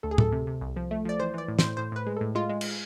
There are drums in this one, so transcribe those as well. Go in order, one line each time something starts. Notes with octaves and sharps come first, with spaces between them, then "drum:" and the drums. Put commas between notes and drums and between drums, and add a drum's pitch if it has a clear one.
D2 A4
G#4
D2 A4, drum: tom A2
C3
C3
C2
F3
A3
F3 D5
E3 C5
E3 D5
A2
C5, drum: snare
A2
A2 C5
A2 B4
G#3
A4
A2
G#3 F4
G#3
drum: cymbal